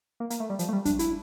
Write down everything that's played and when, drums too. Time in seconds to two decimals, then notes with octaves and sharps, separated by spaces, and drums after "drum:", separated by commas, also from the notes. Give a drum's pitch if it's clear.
0.20 A#3
0.30 A#3, drum: hi-hat
0.40 A3
0.50 G3
0.59 F3, drum: hi-hat
0.69 A3
0.73 G3
0.85 D4, drum: kick, hi-hat
0.99 E4, drum: hi-hat